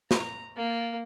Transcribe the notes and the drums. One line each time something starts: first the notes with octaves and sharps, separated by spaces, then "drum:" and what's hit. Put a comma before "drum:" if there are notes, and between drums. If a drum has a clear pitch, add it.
A#5, drum: snare
A#3